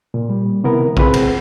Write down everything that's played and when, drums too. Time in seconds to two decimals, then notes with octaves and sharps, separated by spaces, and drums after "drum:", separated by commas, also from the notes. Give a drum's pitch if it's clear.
0.14 A#2
0.29 G3
0.64 C3 D#3 B3 E4 A#4
0.97 C4 F4 G#4 B4, drum: kick A#1
1.14 drum: cymbal